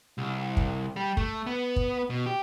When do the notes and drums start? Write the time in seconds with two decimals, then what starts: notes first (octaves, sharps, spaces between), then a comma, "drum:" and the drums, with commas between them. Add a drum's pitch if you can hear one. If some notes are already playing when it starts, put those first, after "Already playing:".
0.18 C2
0.57 drum: kick
0.96 G3
1.17 A3, drum: kick
1.46 B3
1.76 drum: kick
2.10 B2
2.26 G4